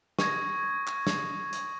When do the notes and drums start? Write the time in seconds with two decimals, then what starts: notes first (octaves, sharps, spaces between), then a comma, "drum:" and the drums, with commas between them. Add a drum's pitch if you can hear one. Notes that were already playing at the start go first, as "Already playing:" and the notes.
0.19 C#6 D#6 G#6 A#6, drum: snare
0.87 drum: clap
1.07 drum: snare
1.53 drum: hi-hat